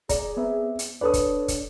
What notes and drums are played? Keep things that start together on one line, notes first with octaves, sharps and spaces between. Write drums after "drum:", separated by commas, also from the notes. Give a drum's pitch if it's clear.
G#4 D5 A#5, drum: kick, hi-hat
B3 C4 E5
drum: hi-hat
D4 A4 B4 C#5 D5 D#6
drum: kick, hi-hat
drum: kick, hi-hat